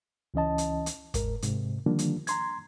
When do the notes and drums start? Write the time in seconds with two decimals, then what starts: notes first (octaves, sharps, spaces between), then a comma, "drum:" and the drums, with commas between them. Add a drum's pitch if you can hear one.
0.34 C#2 E3 C#4 D#5 A5
0.58 drum: hi-hat
0.86 drum: hi-hat
1.14 G#2 A#4, drum: kick, hi-hat
1.42 G#2 C3, drum: hi-hat
1.86 D3 D#3 F3 G3 A#3 D4
1.99 drum: hi-hat
2.27 A#5 C6 G#6, drum: hi-hat